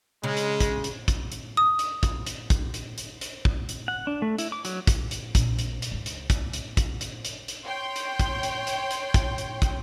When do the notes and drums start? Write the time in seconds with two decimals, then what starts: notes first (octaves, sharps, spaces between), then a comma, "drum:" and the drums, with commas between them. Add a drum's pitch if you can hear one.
0.24 C#3 G#3
0.37 drum: hi-hat
0.60 drum: kick, hi-hat
0.84 drum: hi-hat
1.08 drum: kick, hi-hat
1.32 drum: hi-hat
1.57 D#6
1.79 drum: hi-hat
2.03 drum: kick, hi-hat
2.27 drum: hi-hat
2.50 drum: kick, hi-hat
2.74 drum: hi-hat
2.98 drum: hi-hat
3.21 drum: hi-hat
3.45 drum: kick
3.69 drum: hi-hat
3.88 F#5
4.07 D4
4.22 A3
4.38 E4, drum: hi-hat
4.52 D6
4.65 F#3, drum: hi-hat
4.87 drum: kick, hi-hat
5.11 drum: hi-hat
5.35 A#1, drum: kick, hi-hat
5.59 drum: hi-hat
5.82 drum: hi-hat
5.92 C#2 G#2
6.06 drum: hi-hat
6.30 drum: kick, hi-hat
6.53 drum: hi-hat
6.77 drum: kick, hi-hat
7.01 drum: hi-hat
7.25 drum: hi-hat
7.48 drum: hi-hat
7.65 C#5 G5 C6 G6
7.96 drum: hi-hat
8.19 drum: kick, hi-hat
8.43 drum: hi-hat
8.67 drum: hi-hat
8.91 drum: hi-hat
9.14 drum: kick, hi-hat
9.38 drum: hi-hat
9.62 drum: kick, hi-hat